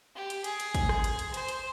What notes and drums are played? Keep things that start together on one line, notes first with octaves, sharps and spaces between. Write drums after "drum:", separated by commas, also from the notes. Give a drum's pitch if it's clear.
G4
drum: hi-hat
G#4, drum: hi-hat
drum: hi-hat
drum: kick, hi-hat
drum: rim click
drum: hi-hat
drum: hi-hat
C5, drum: hi-hat
drum: hi-hat